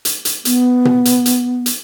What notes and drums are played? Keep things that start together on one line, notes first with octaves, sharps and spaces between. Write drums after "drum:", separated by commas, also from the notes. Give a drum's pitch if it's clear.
drum: hi-hat
drum: hi-hat
B3, drum: hi-hat
drum: tom B2
drum: hi-hat
drum: hi-hat
drum: hi-hat